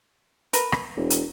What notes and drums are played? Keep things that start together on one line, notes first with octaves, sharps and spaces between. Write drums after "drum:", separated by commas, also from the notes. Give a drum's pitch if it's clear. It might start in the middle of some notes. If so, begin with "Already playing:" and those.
A#4 B4, drum: hi-hat
drum: rim click
E1
drum: hi-hat